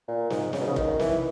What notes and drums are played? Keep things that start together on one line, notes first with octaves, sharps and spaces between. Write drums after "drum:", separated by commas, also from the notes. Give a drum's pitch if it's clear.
A#2
G#2, drum: snare
C#3, drum: snare
B2
C#3
D#3, drum: kick
E3, drum: snare